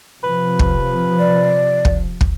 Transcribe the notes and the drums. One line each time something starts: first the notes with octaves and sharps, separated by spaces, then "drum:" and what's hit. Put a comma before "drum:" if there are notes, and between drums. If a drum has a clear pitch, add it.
C3 F3 B4
drum: kick
D5
drum: kick
drum: kick